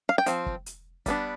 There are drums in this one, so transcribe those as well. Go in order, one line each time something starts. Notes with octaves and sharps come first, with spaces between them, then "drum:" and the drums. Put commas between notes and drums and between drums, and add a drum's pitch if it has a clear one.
F5
G5
F3 C4, drum: hi-hat
drum: kick
drum: hi-hat
G3 B3 D4, drum: kick, hi-hat